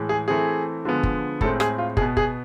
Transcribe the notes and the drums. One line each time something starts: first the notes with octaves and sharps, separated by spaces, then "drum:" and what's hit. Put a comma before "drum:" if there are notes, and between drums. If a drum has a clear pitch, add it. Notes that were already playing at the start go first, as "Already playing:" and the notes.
Already playing: A2 E3 G#3
G#4
E3 A3 C4 G#4
D3 F3 G#3 B3
drum: kick
A2 G#3 C4 A4, drum: kick
G#4, drum: rim click
F4
B2 B3 G#4, drum: kick
G#4, drum: kick